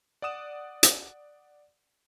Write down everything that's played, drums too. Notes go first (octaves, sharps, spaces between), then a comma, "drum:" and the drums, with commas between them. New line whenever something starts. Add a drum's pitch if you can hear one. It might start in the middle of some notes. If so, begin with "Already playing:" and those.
D5 F#5 D#6 E7
drum: hi-hat